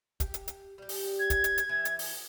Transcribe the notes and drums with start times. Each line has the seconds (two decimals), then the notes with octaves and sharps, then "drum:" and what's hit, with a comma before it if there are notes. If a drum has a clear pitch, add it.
0.20 G4, drum: kick, hi-hat
0.34 drum: hi-hat
0.48 drum: hi-hat
0.78 G3 G4
0.89 drum: open hi-hat
1.20 G#6
1.30 drum: kick, hi-hat
1.44 drum: hi-hat
1.58 drum: hi-hat
1.69 E3
1.85 drum: hi-hat
1.99 drum: open hi-hat